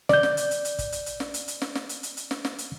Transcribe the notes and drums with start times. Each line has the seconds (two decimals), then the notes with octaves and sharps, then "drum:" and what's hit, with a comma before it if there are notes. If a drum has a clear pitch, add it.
0.09 D5 G6, drum: snare
0.23 drum: snare
0.37 drum: hi-hat
0.51 drum: hi-hat
0.65 drum: hi-hat
0.79 drum: kick, hi-hat
0.92 drum: hi-hat
1.06 drum: hi-hat
1.20 drum: snare
1.34 drum: hi-hat
1.48 drum: hi-hat
1.62 drum: snare
1.75 drum: snare
1.89 drum: hi-hat
2.03 drum: hi-hat
2.17 drum: hi-hat
2.31 drum: snare
2.45 drum: snare
2.58 drum: hi-hat